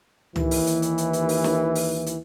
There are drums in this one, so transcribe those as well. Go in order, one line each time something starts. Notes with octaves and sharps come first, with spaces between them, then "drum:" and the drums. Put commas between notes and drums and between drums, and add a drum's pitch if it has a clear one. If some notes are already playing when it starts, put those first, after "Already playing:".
D#2 E3, drum: tom
drum: open hi-hat
drum: hi-hat
drum: hi-hat
drum: hi-hat
drum: hi-hat
drum: open hi-hat
drum: snare
drum: open hi-hat
drum: hi-hat